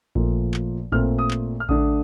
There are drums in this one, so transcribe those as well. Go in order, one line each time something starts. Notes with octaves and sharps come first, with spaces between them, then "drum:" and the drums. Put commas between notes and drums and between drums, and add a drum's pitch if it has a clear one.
A#2 F3 A3, drum: kick A1
drum: clap
A#2 A3 C4 F6, drum: kick A1
D#6
drum: clap
F6
D3 A3 D4 D#6, drum: kick A1